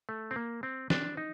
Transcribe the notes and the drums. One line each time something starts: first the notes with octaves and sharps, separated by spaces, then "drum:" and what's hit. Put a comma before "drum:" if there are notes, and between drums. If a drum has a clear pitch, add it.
A3
C4
A#3
C4
D4, drum: snare
D#4